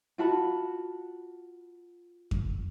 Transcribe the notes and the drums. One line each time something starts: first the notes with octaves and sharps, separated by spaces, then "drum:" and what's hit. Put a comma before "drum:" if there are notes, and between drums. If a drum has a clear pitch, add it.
F4 F#4 A5 B5
drum: kick F2